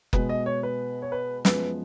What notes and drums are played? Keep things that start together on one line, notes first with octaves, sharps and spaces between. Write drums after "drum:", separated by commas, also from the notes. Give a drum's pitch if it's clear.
B2 G#3 B3 B4, drum: kick F#1
D#5
C#5
B4
C#5
B4
F#2 F3 G#3 B3 B4, drum: snare